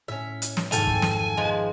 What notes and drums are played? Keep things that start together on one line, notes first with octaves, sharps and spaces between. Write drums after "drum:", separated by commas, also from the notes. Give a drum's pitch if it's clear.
A2 C#4 E5
drum: hi-hat
drum: snare
G#1 F2 G#2 A4 F5 G5 G#5, drum: hi-hat
drum: kick
drum: snare
F3 G#3 A#4 B4 E5